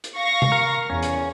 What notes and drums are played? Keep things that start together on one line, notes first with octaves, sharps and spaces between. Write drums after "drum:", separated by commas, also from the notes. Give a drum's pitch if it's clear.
drum: hi-hat
F5 C#6 A#6
drum: tom C3
A#4
E2 C#4
drum: hi-hat